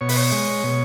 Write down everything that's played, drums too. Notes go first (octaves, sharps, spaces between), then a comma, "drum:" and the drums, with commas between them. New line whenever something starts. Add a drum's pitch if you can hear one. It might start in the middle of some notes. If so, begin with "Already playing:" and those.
B2 C#5
B4, drum: open hi-hat
C#5
G#3
B2